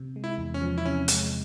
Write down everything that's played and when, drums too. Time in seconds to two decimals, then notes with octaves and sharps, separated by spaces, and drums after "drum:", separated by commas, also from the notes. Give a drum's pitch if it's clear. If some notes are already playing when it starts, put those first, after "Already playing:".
Already playing: C3
0.16 G#3
0.24 E4
0.38 E2
0.54 C#4
0.61 F3
0.78 E4
0.85 C3 C#4
1.08 G#3, drum: hi-hat